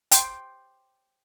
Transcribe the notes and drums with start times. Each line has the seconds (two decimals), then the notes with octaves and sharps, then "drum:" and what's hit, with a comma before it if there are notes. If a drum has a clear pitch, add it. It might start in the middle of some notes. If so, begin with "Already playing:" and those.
0.11 G5 C6, drum: hi-hat